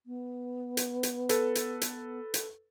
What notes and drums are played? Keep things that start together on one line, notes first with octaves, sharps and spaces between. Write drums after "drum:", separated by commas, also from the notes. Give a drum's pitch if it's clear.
B3
drum: hi-hat
drum: hi-hat
A4 B4, drum: hi-hat
drum: hi-hat
drum: hi-hat
drum: hi-hat